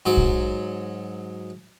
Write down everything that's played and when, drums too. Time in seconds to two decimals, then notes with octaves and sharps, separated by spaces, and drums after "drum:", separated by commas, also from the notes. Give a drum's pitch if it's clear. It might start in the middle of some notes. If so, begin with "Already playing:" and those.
0.06 G#2 F#3 D6
0.17 drum: kick A#1